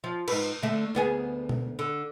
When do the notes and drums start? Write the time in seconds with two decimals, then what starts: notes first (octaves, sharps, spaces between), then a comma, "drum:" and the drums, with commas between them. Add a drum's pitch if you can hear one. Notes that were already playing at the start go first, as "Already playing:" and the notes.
0.04 F3
0.28 G#2 B4, drum: cymbal
0.62 D3 A3
0.95 D2 B3 G#4
1.49 drum: tom B2
1.79 D3